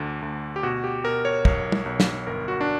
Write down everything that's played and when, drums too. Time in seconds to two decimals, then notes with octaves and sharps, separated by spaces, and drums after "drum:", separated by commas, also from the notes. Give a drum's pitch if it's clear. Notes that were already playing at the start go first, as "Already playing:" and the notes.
Already playing: D2 D3 D4
0.22 D2
0.56 G4
0.63 B2 F#4
0.84 G4
1.04 B2 A#4
1.25 C#5
1.45 B1, drum: kick
1.72 drum: tom
1.86 B1
2.00 drum: snare
2.27 G1 A#4
2.48 F#4
2.61 D4